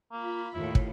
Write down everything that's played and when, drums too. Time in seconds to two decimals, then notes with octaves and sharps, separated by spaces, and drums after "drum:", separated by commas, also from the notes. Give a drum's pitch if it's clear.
0.12 A#3 F4 B5
0.54 D#2 A2 E4
0.75 drum: kick